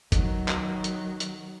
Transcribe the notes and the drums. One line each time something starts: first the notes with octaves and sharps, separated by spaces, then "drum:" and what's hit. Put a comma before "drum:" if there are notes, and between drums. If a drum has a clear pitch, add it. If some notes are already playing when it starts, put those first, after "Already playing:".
D#3 F#3, drum: kick F#1, hi-hat
drum: clap
drum: hi-hat
drum: hi-hat